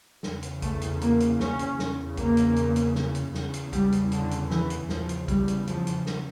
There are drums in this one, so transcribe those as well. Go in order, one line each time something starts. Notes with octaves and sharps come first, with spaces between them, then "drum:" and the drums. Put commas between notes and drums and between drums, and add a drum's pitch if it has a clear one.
E2 C#3, drum: snare
drum: hi-hat
A3, drum: kick, hi-hat
drum: hi-hat
A#3, drum: hi-hat
drum: hi-hat
C#4, drum: snare
drum: hi-hat
E2 C#3, drum: snare
A#3, drum: kick, hi-hat
drum: hi-hat
drum: hi-hat
drum: hi-hat
drum: snare
drum: hi-hat
E2 C#3, drum: snare
drum: hi-hat
G3, drum: kick, hi-hat
drum: hi-hat
D3, drum: hi-hat
drum: hi-hat
E3, drum: snare
drum: hi-hat
E2 C#3 F3, drum: snare
drum: hi-hat
G3, drum: kick, hi-hat
drum: hi-hat
F3, drum: hi-hat
drum: hi-hat
drum: snare